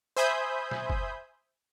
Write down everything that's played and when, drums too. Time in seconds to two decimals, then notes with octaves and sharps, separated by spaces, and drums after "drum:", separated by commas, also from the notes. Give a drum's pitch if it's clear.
0.17 C5 E5 G#5 B5 D#6 G6
0.71 drum: snare B2
0.90 drum: kick